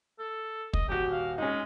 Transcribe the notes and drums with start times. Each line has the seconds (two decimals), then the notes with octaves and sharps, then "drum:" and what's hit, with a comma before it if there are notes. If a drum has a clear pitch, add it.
0.19 A4
0.73 D#5, drum: kick
0.89 D#1 F#4 G4
1.12 F5
1.38 G#3 C#4 D#4